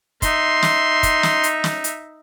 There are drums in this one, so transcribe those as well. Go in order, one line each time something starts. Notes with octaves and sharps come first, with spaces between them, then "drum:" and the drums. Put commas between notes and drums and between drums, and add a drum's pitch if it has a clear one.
D#4 E5 C6, drum: kick, hi-hat
drum: snare
drum: kick, hi-hat
drum: snare
drum: hi-hat
drum: snare
drum: hi-hat